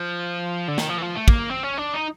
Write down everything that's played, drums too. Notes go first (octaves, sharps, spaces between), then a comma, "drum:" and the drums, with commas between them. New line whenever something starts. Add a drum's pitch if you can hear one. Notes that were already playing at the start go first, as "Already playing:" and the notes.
Already playing: F3
D3
D#3, drum: snare
F3
E3
F3
A3
A#3, drum: kick
C4
C#4
D4
D#4